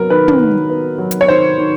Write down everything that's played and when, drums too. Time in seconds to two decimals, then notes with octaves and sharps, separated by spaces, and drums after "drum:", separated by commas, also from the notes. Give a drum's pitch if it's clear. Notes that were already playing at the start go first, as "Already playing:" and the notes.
Already playing: F#3 B3 A#4
0.10 D#3 B4
0.28 drum: tom
0.39 D#3
0.70 B3
0.98 F#3
1.11 drum: hi-hat
1.21 C#5
1.28 D#3 C5
1.58 D#3